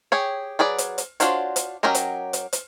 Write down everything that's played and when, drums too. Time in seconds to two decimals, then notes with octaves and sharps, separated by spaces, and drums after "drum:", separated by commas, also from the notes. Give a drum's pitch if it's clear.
0.12 G4 G#4 C#5
0.59 F#3 G#4 B4 D5
0.78 drum: hi-hat
0.98 drum: hi-hat
1.20 D4 F4 F#4 C5 C#5, drum: hi-hat
1.56 drum: hi-hat
1.83 F#3 C#4 G4 A#4 D#5
1.95 drum: hi-hat
2.33 drum: hi-hat
2.53 drum: hi-hat